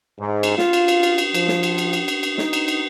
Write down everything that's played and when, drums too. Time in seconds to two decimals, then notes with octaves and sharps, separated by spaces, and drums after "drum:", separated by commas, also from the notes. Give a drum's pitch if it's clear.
0.19 G#2
0.43 drum: cymbal
0.58 F4, drum: snare
0.73 drum: cymbal
0.88 drum: cymbal
1.03 drum: cymbal
1.18 drum: cymbal
1.34 F3, drum: cymbal
1.48 drum: snare
1.63 drum: cymbal
1.78 drum: cymbal
1.93 drum: cymbal
2.08 drum: cymbal
2.23 drum: cymbal
2.38 D#4, drum: snare
2.53 drum: cymbal
2.68 drum: cymbal